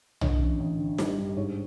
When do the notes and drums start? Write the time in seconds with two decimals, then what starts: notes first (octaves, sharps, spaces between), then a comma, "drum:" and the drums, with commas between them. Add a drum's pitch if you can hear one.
0.21 D3 C#5 D#5, drum: tom
0.40 A1
0.60 A1
0.79 D3
0.98 G3, drum: snare D#4
1.18 G2
1.37 G#2 C#5